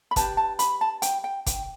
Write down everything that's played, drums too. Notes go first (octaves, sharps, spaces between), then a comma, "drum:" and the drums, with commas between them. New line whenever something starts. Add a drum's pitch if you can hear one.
B5
D4 G4 B4 A5, drum: kick, hi-hat
A5
B5, drum: hi-hat
A5
G5, drum: hi-hat
G5
G5, drum: kick, hi-hat